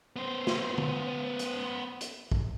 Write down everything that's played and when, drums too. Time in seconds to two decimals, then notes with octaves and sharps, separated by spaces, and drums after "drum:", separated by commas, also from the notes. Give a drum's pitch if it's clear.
0.16 B3 C5
0.47 drum: snare
0.78 drum: tom D3
1.39 drum: hi-hat
2.01 drum: hi-hat
2.32 drum: kick